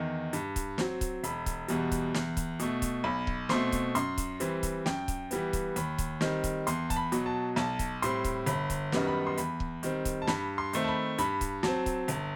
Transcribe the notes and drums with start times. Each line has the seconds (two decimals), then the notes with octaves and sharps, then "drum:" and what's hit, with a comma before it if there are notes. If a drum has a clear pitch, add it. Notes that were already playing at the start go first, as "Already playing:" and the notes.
Already playing: E2 D#3
0.33 G2, drum: hi-hat
0.56 drum: kick C#1, hi-hat
0.78 F#3 C4, drum: snare
1.01 drum: kick C#1, hi-hat
1.24 E1 B5, drum: hi-hat
1.46 drum: kick C#1, hi-hat
1.68 E2 B2 G3, drum: hi-hat
1.92 drum: kick C#1, hi-hat
2.14 E2, drum: snare
2.37 drum: kick C#1, hi-hat
2.59 B2 A3, drum: hi-hat
2.82 drum: kick C#1, hi-hat
3.04 B1 B5
3.27 drum: kick C#1
3.49 B2 A3 C4 C6, drum: snare
3.72 drum: kick C#1, hi-hat
3.95 F#2 C6, drum: hi-hat
4.18 drum: kick C#1, hi-hat
4.40 E3 G3 C4, drum: hi-hat
4.63 drum: kick C#1, hi-hat
4.86 F#2 G5, drum: snare
5.08 drum: kick C#1, hi-hat
5.31 E3 G3 B3, drum: hi-hat
5.53 drum: kick C#1, hi-hat
5.76 D#2 B5, drum: hi-hat
5.98 drum: kick C#1, hi-hat
6.21 D#3 G3 C4, drum: snare
6.44 drum: kick C#1, hi-hat
6.67 E2 C6, drum: hi-hat
6.90 A5, drum: kick C#1, hi-hat
6.96 B5
7.12 B2 F#3, drum: hi-hat
7.26 A5
7.56 B1 A5, drum: snare
7.79 drum: kick C#1, hi-hat
8.02 A2 G3 C4 C6, drum: hi-hat
8.24 drum: kick C#1, hi-hat
8.46 G1 B5, drum: hi-hat
8.70 drum: kick C#1, hi-hat
8.92 F#2 D#3 G3 B3, drum: snare
9.07 B5
9.27 C6
9.37 E2 B5, drum: hi-hat
9.60 drum: kick C#1
9.83 D#3 G3 C4, drum: hi-hat
10.05 drum: kick C#1, hi-hat
10.22 A5
10.27 G2 B5, drum: snare
10.58 C6
10.73 D#3 A3 C4, drum: hi-hat
10.84 A5
10.88 B5
11.18 G2 B5, drum: hi-hat
11.41 drum: kick C#1, hi-hat
11.63 F#3 C4 A5, drum: snare
11.86 drum: kick C#1, hi-hat
12.08 G1, drum: hi-hat